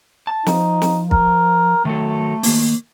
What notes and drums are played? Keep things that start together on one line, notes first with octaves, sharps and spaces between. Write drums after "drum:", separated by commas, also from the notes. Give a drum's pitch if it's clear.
A5
F3 D#4, drum: snare
drum: snare
A#4, drum: kick
D#3 F#3 A3 A4
D#3 A#3, drum: open hi-hat